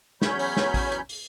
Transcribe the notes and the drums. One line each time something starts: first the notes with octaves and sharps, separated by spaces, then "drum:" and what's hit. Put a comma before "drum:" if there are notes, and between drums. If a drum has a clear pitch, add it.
E2 F#3 C#4 C#5 B5 G6, drum: snare
drum: open hi-hat
drum: snare
drum: kick A1, open hi-hat
drum: hi-hat
drum: open hi-hat